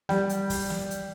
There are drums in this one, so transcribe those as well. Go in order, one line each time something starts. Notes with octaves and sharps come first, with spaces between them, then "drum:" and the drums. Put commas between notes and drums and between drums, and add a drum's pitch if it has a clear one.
G3, drum: snare
drum: hi-hat
drum: kick, open hi-hat
drum: snare
drum: hi-hat